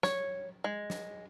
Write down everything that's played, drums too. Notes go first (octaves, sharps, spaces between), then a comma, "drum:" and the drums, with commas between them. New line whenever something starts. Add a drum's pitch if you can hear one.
C#5, drum: snare
G#3
drum: snare